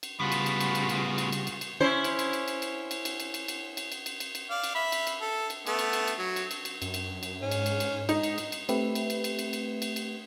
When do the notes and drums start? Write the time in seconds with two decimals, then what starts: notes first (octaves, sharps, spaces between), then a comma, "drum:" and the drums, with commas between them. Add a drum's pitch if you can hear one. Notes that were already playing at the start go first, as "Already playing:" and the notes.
0.03 drum: cymbal
0.20 A2 C#3 G3 B3 F4 F#4 G#4 B5
0.32 drum: cymbal
0.46 drum: cymbal
0.60 drum: cymbal
0.75 drum: cymbal
0.89 drum: cymbal
1.18 drum: cymbal
1.32 drum: cymbal
1.47 drum: cymbal
1.61 drum: cymbal
1.80 C#4 E4 C5
2.04 drum: cymbal
2.19 drum: cymbal
2.33 drum: cymbal
2.48 drum: cymbal
2.62 drum: cymbal
2.91 drum: cymbal
3.05 drum: cymbal
3.20 drum: cymbal
3.34 drum: cymbal
3.48 drum: cymbal
3.77 drum: cymbal
3.92 drum: cymbal
4.06 drum: cymbal
4.20 drum: cymbal
4.35 drum: cymbal
4.50 D5 F5
4.64 drum: cymbal
4.75 E5 B5
4.92 drum: cymbal
5.07 drum: cymbal
5.21 A4
5.50 drum: cymbal
5.67 A3 B3, drum: cymbal
5.79 drum: cymbal
5.93 drum: cymbal
6.08 drum: cymbal
6.19 F#3
6.36 drum: cymbal
6.51 drum: cymbal
6.65 drum: cymbal
6.82 F#2, drum: cymbal
6.94 drum: cymbal
7.23 drum: cymbal
7.42 G#2 C#4
7.51 drum: cymbal
7.66 drum: cymbal
7.80 drum: cymbal
8.09 D#4, drum: cymbal
8.23 drum: cymbal
8.38 drum: cymbal
8.52 drum: cymbal
8.69 A3 C4 G4 B4 E5, drum: cymbal
8.95 drum: cymbal
9.10 drum: cymbal
9.24 drum: cymbal
9.39 drum: cymbal
9.53 drum: cymbal
9.82 drum: cymbal
9.96 drum: cymbal